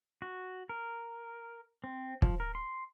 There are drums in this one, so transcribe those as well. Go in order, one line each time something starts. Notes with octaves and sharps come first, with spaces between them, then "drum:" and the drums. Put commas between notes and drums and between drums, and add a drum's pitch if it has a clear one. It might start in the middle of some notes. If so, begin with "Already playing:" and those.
F#4
A#4
C4
F3, drum: kick
A#4
C6